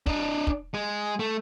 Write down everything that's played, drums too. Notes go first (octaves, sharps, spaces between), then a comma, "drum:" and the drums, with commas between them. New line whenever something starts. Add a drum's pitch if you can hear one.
D4 D#5, drum: kick
drum: kick
G#3
A3